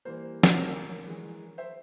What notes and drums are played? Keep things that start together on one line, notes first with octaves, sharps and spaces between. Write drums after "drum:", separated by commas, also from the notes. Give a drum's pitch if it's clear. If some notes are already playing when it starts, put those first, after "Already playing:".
E3 G3 A#3 C5
drum: snare
A#4 C#5
E3 G#3
C5 E5